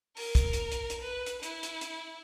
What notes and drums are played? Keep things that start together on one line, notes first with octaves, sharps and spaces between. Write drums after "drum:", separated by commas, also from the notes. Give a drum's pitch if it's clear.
A#4, drum: open hi-hat
drum: kick, hi-hat
drum: hi-hat
drum: hi-hat
drum: hi-hat
B4
drum: hi-hat
E4, drum: hi-hat
drum: hi-hat
drum: hi-hat